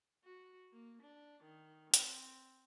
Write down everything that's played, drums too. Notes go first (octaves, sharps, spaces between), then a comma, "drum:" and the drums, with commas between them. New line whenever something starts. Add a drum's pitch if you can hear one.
F#4
A#3
D4
D#3
C4, drum: hi-hat